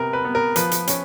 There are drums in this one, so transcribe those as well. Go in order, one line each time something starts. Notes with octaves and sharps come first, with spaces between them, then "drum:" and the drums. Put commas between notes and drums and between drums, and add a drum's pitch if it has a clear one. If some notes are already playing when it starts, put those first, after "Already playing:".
Already playing: C3 B3 A#4
B4
B3
A#4
F3 B4, drum: hi-hat
drum: hi-hat
C#4, drum: hi-hat